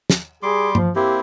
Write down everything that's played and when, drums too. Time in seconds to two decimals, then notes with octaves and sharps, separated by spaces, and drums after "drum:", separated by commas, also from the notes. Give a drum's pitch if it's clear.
0.10 drum: snare
0.43 G3 G#4 C6 D6
0.75 F3, drum: tom G2
0.96 A#3 C4 E4 G4